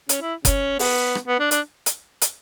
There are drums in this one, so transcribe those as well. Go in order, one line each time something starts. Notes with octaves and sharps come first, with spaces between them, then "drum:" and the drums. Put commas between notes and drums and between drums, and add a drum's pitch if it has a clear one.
C#4, drum: hi-hat
E4
C#4, drum: kick F#1, hi-hat
B3, drum: open hi-hat
drum: rim click
B3
D4
D4, drum: hi-hat
drum: hi-hat
drum: hi-hat